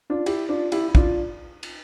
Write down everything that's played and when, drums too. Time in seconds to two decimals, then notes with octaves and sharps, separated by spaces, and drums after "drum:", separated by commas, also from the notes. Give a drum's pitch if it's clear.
0.10 D4 F4
0.26 E4 G4, drum: cymbal
0.49 D4 F4
0.72 E4 G4, drum: cymbal
0.88 E4
0.95 D4 F4, drum: kick
1.63 drum: cymbal